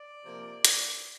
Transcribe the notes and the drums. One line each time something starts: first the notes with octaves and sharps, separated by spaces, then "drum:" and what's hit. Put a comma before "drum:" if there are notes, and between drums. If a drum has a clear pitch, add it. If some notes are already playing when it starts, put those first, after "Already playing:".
Already playing: D5
C3 F3 A#3
drum: hi-hat